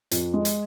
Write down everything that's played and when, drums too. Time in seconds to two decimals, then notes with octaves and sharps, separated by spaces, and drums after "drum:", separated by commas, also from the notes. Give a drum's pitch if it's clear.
0.11 F2, drum: hi-hat
0.34 G#3
0.45 drum: hi-hat